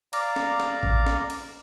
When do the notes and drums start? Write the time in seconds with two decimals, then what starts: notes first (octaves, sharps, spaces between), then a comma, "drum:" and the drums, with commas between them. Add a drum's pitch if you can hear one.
0.13 D5 F5 A#5, drum: cymbal
0.36 drum: snare
0.60 drum: snare
0.83 drum: kick A1
1.06 drum: snare
1.30 drum: cymbal